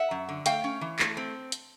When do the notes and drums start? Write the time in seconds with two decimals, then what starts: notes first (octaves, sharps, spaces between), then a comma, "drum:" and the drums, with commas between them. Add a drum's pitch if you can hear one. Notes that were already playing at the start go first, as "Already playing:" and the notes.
Already playing: E5 F#5
0.11 F#2
0.29 D3
0.46 A3 F5 G5, drum: hi-hat
0.64 C#4
0.81 E3
0.99 A3, drum: clap B6
1.17 C4
1.52 drum: hi-hat